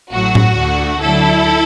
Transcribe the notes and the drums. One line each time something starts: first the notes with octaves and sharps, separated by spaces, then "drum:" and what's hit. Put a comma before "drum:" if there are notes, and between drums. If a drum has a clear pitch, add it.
A1 A2 F#3 A3 F#4
drum: tom A2
D2 D3 A3
D2 D3 F#3 E4 A4